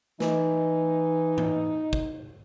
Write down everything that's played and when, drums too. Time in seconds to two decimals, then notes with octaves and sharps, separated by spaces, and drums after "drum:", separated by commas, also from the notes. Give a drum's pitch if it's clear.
0.20 E3 D#4, drum: snare
1.38 drum: tom G#2
1.93 drum: kick